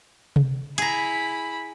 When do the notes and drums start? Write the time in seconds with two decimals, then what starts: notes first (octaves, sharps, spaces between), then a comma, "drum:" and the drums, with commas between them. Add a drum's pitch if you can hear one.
0.36 drum: tom C3
0.78 E4 G#4 A#5 B5, drum: hi-hat